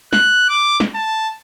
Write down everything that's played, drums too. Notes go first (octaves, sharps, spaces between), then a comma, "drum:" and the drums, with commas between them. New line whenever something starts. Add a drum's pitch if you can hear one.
F#6, drum: snare
D6
drum: snare
A5